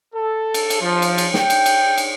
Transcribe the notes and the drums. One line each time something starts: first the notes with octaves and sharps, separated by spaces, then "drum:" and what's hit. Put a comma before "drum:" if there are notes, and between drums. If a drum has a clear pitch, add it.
A4
drum: cymbal
drum: cymbal
F3
drum: cymbal
drum: cymbal
G5, drum: snare
drum: cymbal
drum: cymbal
drum: cymbal